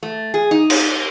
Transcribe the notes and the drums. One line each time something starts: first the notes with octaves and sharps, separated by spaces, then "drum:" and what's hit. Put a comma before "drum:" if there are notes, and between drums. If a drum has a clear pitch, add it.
A3
G#4
D#4
drum: cymbal